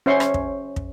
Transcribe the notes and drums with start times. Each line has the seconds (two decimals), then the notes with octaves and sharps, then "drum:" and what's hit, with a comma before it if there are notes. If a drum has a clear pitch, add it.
0.06 C#4 C5 E5 C6 C#6
0.20 drum: rim click
0.34 drum: kick
0.76 drum: kick